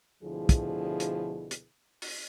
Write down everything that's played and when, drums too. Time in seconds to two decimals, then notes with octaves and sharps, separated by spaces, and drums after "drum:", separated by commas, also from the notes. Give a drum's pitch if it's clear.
0.24 D2 B2 D3 F3 E4 G#4
0.49 drum: kick, hi-hat
1.00 drum: hi-hat
1.51 drum: hi-hat
2.02 drum: open hi-hat